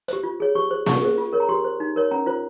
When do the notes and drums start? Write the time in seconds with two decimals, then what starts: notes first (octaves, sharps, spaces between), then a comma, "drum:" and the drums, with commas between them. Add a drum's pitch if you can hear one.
0.08 G4 C5, drum: hi-hat
0.23 F4
0.40 G#4 C#5
0.55 G4 C#6
0.71 C5
0.86 C#4 C#6, drum: snare A#3
1.02 G#4 C5
1.18 F4
1.33 A#4 C#5
1.40 A#5
1.49 G4 C6
1.64 C5
1.80 D#4
1.96 A#4 C#5
2.11 C#4 A#5
2.26 F4 C5